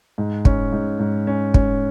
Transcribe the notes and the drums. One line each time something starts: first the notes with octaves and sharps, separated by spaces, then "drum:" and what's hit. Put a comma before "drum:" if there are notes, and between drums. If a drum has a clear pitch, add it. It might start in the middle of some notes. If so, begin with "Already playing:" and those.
G#2
C#4, drum: kick
G#2
G#2
C#4
C#4, drum: kick